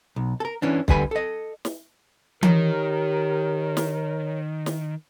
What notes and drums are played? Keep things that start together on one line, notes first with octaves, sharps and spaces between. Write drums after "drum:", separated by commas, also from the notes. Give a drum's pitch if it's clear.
B1
A4 A#4
E3 C#4 D4
D2 D3 G3 B4 G#5 B5, drum: kick
A4 D#5
drum: snare
D#3 G4 A#4 C#5, drum: tom E3
drum: snare
drum: snare